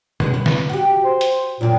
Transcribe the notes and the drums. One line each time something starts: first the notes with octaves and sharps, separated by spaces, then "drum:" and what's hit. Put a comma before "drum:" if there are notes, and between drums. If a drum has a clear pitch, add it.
F#2 G#3 B3, drum: tom B2
B4
drum: snare
F#4 G4
C5
drum: hi-hat
F#2 A#2 C4